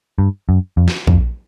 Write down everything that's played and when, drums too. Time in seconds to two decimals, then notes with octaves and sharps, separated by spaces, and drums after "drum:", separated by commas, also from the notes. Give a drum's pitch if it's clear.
0.18 G2
0.49 F#2
0.77 F2
0.88 drum: snare
1.07 F2, drum: kick